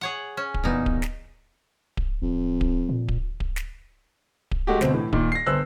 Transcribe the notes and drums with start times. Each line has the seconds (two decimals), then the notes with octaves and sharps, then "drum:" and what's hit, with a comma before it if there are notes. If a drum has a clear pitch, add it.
0.01 G#4 C#5 F#5
0.37 C#4
0.54 drum: kick D1
0.64 D#1 E2 A#2 B3 D#4
0.86 drum: kick D1
1.02 drum: snare
1.97 drum: kick D1
2.22 D1 F2
2.61 drum: kick D1
2.89 A#2
3.08 drum: kick D1
3.40 drum: kick D1
3.56 drum: snare
4.51 drum: kick D1
4.67 G#3 A3 F#4 G4
4.81 D2 B2 C4, drum: snare
4.94 A2 E3
5.13 A#2 D#3, drum: kick D1
5.32 A#6 C7
5.46 G1 C5 E6 F#6